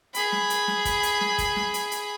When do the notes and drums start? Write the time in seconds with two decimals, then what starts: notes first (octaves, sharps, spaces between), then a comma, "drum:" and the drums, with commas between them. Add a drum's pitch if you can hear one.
0.14 G#4 B5, drum: hi-hat
0.32 drum: snare
0.50 drum: hi-hat
0.68 drum: snare
0.85 drum: kick, hi-hat
1.03 drum: hi-hat
1.21 drum: snare
1.38 drum: kick, hi-hat
1.56 drum: snare
1.74 drum: hi-hat
1.92 drum: hi-hat